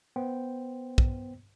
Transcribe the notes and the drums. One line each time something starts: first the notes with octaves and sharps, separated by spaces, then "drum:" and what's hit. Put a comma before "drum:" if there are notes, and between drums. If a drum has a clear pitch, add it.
B3 C5 G5
drum: kick